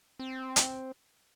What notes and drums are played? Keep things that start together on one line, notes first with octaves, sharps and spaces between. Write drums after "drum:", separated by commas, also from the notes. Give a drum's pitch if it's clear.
C4
drum: hi-hat